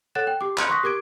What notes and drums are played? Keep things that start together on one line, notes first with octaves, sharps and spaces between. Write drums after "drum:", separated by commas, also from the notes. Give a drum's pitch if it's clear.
A4 C#5 F#5 F#6 A6 E7
G5
G4 D6
B5 C6 F#6 C#7, drum: clap
C6 C#6 D#6 F#6 A#6 B6
G4 A#4 D6 G#6 D7